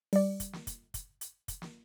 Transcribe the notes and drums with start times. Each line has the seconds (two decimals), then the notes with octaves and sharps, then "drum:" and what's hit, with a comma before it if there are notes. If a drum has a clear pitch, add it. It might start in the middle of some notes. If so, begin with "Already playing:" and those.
0.13 G3 D5, drum: open hi-hat
0.40 drum: kick, hi-hat
0.53 drum: snare
0.67 drum: kick, hi-hat
0.94 drum: kick, hi-hat
1.21 drum: hi-hat
1.48 drum: kick, hi-hat
1.62 drum: snare